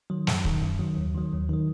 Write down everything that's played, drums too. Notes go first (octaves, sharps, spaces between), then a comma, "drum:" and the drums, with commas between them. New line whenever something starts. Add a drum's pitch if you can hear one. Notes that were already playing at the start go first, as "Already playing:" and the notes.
D#3 F#3
F#2, drum: snare
D#3 F#3, drum: kick
F#2
D#3 F#3
D#2
D#3 F#3
D#2
D#3 F#3